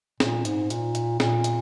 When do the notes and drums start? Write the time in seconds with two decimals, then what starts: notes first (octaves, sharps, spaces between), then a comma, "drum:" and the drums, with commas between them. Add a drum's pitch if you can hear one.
0.20 A#2, drum: snare
0.45 G#2, drum: hi-hat
0.70 A#2, drum: hi-hat
0.95 drum: hi-hat
1.20 A#2, drum: snare
1.44 drum: hi-hat